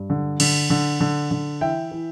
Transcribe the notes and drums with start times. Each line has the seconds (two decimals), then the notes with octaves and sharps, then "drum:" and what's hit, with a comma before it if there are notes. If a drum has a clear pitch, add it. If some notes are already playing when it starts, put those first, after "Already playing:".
Already playing: G2
0.10 D3
0.40 D3, drum: cymbal
0.70 D3
1.01 D3
1.31 D3
1.61 E3 E5 G5
1.92 E3